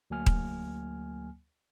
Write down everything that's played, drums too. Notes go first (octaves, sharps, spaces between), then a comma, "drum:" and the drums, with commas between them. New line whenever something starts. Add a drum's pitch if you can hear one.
D2 F#3 A#3 G#5 F6
drum: kick D#1